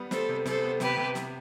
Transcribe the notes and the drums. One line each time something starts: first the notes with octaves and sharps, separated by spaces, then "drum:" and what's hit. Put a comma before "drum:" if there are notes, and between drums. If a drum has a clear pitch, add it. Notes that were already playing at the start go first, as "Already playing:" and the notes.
Already playing: G3 B3
G3 A4 C5, drum: snare
C3
C3 A4 C5, drum: snare
B3
C3 G4 B4, drum: snare
C3
drum: snare